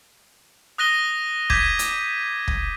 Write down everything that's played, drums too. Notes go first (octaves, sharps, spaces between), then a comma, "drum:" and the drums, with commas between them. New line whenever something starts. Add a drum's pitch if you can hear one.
D#6 F#6 A#6 D#7 G7
D6 G6 G#6 B6 D#7, drum: kick
drum: hi-hat
drum: kick